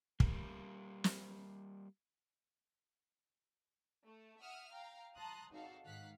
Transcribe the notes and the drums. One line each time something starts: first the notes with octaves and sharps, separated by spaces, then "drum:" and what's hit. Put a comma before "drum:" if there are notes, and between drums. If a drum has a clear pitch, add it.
G3 A#3, drum: kick
drum: snare
A3
E5 F#5 D#6 F6
F5 G5 A#5
A5 A#5 C6 D#6 F#6
G#1 D#4 F#4 A4 F5
G#2 D#3 F5 F#5 F#6 B6